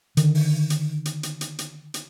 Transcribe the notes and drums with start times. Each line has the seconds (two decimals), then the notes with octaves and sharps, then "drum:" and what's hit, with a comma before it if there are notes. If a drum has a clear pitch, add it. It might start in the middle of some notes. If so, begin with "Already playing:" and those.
0.17 D3 D#3, drum: hi-hat
0.35 drum: open hi-hat
0.70 drum: hi-hat
1.05 drum: hi-hat
1.23 drum: hi-hat
1.41 drum: hi-hat
1.59 drum: hi-hat
1.94 drum: hi-hat